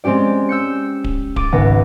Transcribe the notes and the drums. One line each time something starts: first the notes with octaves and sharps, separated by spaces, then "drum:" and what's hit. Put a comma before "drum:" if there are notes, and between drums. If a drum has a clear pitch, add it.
G#3 C4 C#4 G4 D5
E6 G6 C#7
drum: kick D1
D6 A6 D#7, drum: kick D1
G#1 C#2 B3 A#6